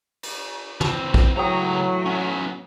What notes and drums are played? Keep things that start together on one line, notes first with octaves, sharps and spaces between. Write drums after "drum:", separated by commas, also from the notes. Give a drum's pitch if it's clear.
drum: cymbal
E3 C4, drum: tom
drum: kick
C#2 A2 E3 F#3 C#5 G5 A#5 D#6
B3 C#4